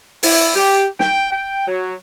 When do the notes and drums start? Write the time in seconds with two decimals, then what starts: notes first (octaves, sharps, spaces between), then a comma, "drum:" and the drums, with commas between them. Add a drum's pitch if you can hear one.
0.23 E4, drum: open hi-hat
0.56 G4
0.99 G5, drum: snare
1.31 G5
1.68 F#3